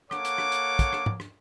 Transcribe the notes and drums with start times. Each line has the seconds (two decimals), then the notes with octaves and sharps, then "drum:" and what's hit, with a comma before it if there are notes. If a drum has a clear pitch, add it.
0.11 A#3 A4 C#5 F#5 D6, drum: rim click
0.25 drum: hi-hat
0.38 drum: rim click
0.52 drum: hi-hat
0.79 drum: kick, hi-hat
0.93 drum: rim click
1.06 drum: tom G#2
1.20 drum: rim click